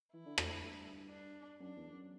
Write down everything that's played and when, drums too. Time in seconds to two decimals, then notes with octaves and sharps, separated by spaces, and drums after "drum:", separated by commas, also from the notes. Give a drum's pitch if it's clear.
0.14 E3 E4
0.26 D3
0.38 A2, drum: rim click
0.50 A2
0.63 G2
1.11 D4
1.59 F#2 D4
1.76 E2
1.92 F#2